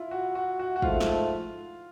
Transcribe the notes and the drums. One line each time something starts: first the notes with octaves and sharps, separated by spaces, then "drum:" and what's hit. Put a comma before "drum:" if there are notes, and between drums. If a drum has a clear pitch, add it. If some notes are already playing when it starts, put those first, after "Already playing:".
Already playing: E4 F4
F#4
F#4
F#4
F#4
G#2 F3 A3 F4, drum: kick
drum: snare